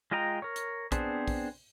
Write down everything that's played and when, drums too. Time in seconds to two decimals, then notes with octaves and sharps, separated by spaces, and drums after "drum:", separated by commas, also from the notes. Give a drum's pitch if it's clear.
0.11 G#3 F4 D#5 G5 A#5
0.42 A#4 C#5
0.56 drum: hi-hat
0.92 B3 C4 D4 G#4 C5, drum: kick, hi-hat
1.28 drum: kick, open hi-hat